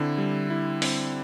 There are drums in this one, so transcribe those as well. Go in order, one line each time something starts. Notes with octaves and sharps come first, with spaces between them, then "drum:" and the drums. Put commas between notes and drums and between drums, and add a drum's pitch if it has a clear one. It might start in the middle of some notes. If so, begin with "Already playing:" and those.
Already playing: D3 C4 E4
G3
E4
C4, drum: open hi-hat